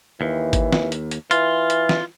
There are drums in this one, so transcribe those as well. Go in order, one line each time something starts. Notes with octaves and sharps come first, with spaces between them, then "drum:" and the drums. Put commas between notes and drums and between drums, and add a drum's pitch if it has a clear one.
D#2 E3
drum: kick G#1, hi-hat
drum: snare
drum: hi-hat
drum: hi-hat
E3 F4, drum: hi-hat
drum: hi-hat
drum: snare